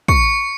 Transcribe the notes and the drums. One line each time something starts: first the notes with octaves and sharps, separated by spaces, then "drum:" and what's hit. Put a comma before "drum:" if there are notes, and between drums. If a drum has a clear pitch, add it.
C#6 C#7, drum: kick